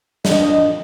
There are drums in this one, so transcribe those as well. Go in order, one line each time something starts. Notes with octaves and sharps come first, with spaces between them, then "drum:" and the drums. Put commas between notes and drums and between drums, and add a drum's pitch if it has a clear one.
F2 D4 D#5, drum: snare